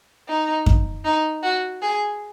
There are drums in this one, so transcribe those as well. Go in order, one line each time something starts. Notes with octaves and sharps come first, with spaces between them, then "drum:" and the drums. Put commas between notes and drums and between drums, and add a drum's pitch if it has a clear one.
D#4
drum: kick F#2
D#4
F#4
G#4